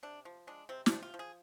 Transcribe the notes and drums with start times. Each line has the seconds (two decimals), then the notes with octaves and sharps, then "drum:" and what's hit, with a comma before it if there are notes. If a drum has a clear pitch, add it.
0.03 C3 D4
0.25 F3
0.47 G#3 D4
0.69 C3 C4
0.86 D4, drum: snare
0.92 C3
1.03 F4
1.14 F3
1.19 G#4